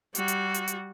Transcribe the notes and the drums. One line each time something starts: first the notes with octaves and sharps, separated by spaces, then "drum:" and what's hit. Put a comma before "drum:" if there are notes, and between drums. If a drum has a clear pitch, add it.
G3 F#4, drum: hi-hat
drum: hi-hat
drum: hi-hat
drum: hi-hat